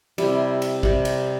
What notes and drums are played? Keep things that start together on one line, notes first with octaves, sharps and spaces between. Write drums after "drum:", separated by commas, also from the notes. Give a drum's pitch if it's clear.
C3 G3 E4, drum: cymbal
drum: cymbal
C3 G3, drum: kick
drum: cymbal